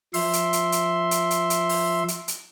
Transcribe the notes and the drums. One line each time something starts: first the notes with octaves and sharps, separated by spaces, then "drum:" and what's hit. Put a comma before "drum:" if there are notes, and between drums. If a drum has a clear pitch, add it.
F3 E5 C6, drum: open hi-hat
drum: hi-hat
drum: hi-hat
drum: hi-hat
drum: hi-hat
drum: hi-hat
drum: hi-hat
drum: open hi-hat
drum: hi-hat
drum: hi-hat